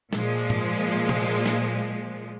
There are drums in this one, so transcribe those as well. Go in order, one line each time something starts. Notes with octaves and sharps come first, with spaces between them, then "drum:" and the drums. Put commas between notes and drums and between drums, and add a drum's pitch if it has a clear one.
A#2 F3 G#3, drum: snare
drum: tom G#2
drum: tom C3
drum: snare